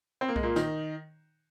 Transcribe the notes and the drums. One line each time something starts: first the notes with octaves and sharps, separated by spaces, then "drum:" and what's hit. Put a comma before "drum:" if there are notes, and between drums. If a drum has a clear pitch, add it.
C4
A#3
G#3, drum: kick B1
A#2 A#3
D#3 D#4, drum: snare